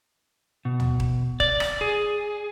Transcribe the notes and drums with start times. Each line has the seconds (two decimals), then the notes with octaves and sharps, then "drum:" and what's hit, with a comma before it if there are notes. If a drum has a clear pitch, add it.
0.65 B2
0.80 drum: tom
1.00 drum: kick D#1
1.40 D5, drum: kick D#1
1.60 drum: rim click
1.81 G#4